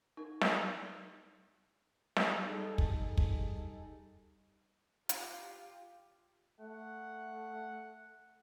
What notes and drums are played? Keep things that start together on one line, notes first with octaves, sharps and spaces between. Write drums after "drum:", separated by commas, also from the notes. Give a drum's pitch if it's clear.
D#4 A#4
drum: snare
drum: snare
G3 D#4 G#4 A4
drum: kick
drum: kick
F4 G4, drum: hi-hat
A3 F#5